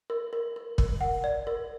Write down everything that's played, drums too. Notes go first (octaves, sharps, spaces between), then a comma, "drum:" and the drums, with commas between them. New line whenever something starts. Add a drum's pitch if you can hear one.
A#4
A#4
A#4
A#4, drum: kick
F#5
D5
A#4